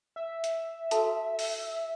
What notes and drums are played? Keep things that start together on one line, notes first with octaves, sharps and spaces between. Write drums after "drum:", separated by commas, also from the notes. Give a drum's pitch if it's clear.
E5
drum: hi-hat
F#4 A4 A5, drum: hi-hat
drum: open hi-hat